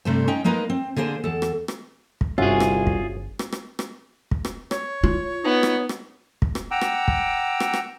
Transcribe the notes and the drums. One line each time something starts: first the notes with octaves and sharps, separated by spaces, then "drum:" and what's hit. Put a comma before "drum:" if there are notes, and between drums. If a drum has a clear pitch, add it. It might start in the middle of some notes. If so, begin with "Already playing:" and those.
G2 C3 A3 C5
C#4 D#4 G5
G#3 A#3 D#4 A#4 B4 D#5
C4
D3 A#3 G#4 C5
E2 A4
drum: rim click
drum: rim click
drum: kick
G1 C2 C#4 F4 F#4 G#4 E5
drum: rim click
drum: kick
drum: rim click
drum: rim click
drum: rim click
drum: kick
drum: rim click
C#5, drum: rim click
F4
B3 D#4
drum: rim click
drum: rim click
drum: kick
drum: rim click
F#5 G5 A#5 D6 E6
drum: rim click
drum: kick
drum: rim click
drum: rim click